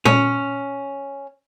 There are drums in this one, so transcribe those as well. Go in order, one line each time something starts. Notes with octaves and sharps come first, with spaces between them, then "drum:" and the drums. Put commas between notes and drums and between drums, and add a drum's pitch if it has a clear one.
C#4, drum: tom